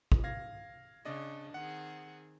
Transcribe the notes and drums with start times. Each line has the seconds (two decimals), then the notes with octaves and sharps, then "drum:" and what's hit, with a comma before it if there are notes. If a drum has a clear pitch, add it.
0.12 drum: kick
0.24 F5 G#6 A#6
1.05 C#3 D4 D5 D#5
1.54 D#3 C4 G#4 F#5